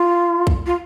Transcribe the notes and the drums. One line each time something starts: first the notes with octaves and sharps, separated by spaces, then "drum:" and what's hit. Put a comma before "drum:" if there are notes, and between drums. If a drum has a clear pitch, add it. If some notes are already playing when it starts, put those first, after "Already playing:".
Already playing: F4
drum: kick
F4